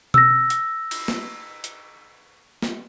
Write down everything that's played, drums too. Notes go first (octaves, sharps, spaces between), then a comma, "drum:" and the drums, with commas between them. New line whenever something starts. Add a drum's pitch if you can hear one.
E6 A#6, drum: tom B2
drum: hi-hat
drum: cymbal
drum: snare
drum: hi-hat
drum: snare